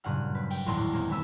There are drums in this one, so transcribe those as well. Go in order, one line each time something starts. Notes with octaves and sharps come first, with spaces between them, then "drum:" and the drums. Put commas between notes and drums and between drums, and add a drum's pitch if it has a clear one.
F#1 G2 A#2 F#5 F6
C4 B4
G5, drum: cymbal
D#1 A1 E2 A#4 F#5 C6
G#3 A#3 C4
D#2 G3 B3 E4 E6